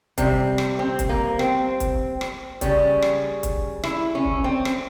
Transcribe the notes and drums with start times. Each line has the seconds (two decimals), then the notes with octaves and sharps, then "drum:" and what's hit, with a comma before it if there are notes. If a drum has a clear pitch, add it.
0.18 C3 G3 C4, drum: kick C#1, hi-hat
0.58 drum: rim click
0.79 C4
0.99 drum: kick C#1, hi-hat
1.09 A#3
1.39 C4, drum: rim click
1.80 drum: kick C#1, hi-hat
2.21 drum: rim click
2.61 C#3 G3 C#4, drum: kick C#1, hi-hat
3.02 drum: rim click
3.43 drum: kick C#1, hi-hat
3.84 E4, drum: rim click
4.15 C#4
4.25 drum: kick C#1
4.44 C4
4.65 drum: rim click